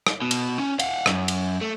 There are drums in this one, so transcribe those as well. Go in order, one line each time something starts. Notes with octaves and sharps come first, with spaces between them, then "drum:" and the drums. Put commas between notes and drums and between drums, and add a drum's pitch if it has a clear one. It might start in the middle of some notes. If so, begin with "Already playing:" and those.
drum: rim click
B2
drum: cymbal
C#4
F5 F#5, drum: cymbal
F#2, drum: rim click
drum: cymbal
A3